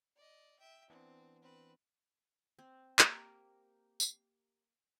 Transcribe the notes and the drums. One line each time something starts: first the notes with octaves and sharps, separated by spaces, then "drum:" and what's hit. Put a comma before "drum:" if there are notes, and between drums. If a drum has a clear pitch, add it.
D5 D#5
E5 G5
E3 B3 C4 D4
C4 B4
C4
A#3 G4 A#4, drum: clap
drum: tambourine